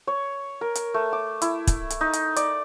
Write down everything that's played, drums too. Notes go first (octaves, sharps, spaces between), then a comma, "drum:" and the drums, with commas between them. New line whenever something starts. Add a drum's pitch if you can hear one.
C#5
A#4
drum: hi-hat
A3
D6
E4, drum: hi-hat
drum: kick, hi-hat
drum: hi-hat
D#4
drum: hi-hat
D5, drum: hi-hat